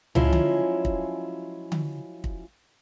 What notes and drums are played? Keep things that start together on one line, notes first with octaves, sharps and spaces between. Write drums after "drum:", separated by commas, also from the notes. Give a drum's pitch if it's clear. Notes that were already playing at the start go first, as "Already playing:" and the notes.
F3 F#3 G#3 C#4 E4 F4, drum: tom
drum: tom D3
drum: kick
drum: tom D3
drum: kick